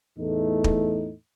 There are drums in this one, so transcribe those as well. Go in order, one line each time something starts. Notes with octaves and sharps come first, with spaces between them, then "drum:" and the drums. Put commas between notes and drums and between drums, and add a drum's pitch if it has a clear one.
E2 A2 A3 D#4
drum: kick